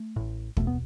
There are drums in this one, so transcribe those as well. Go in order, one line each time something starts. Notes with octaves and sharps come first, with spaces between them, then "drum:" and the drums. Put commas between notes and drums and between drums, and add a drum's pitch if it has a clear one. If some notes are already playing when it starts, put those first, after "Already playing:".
Already playing: A3
A1 A2
C2 B2 A3, drum: kick
B3